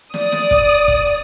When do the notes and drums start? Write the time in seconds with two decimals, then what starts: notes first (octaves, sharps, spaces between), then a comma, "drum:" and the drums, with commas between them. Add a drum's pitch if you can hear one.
0.14 D5 D#6, drum: snare
0.32 drum: snare
0.51 drum: kick, hi-hat
0.88 drum: kick, hi-hat
1.07 drum: hi-hat